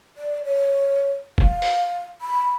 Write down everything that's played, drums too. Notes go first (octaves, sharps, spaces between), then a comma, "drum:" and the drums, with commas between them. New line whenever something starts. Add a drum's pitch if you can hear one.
D5
C#5
F5, drum: kick F1
drum: open hi-hat
B5